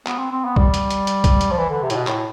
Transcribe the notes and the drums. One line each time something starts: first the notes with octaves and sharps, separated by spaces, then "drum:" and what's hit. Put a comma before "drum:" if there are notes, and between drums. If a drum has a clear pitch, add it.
B3, drum: clap
C4
C4
B3
G3, drum: kick
drum: hi-hat
drum: hi-hat
drum: hi-hat
drum: kick, hi-hat
drum: hi-hat
F3
E3
D3
C3
A2, drum: hi-hat
B2
A2, drum: clap